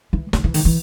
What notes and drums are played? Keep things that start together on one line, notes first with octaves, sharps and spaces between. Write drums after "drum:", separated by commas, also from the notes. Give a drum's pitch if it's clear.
E3
D#3, drum: snare
E3
D#3, drum: open hi-hat
E3